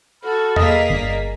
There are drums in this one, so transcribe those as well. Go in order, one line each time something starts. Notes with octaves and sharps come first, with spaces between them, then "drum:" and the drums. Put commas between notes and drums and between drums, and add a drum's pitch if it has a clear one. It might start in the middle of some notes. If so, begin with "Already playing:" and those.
F#4 A4 B5 F6
A#3 G#4 D#5 B6, drum: tom E2
G1 D5 D#5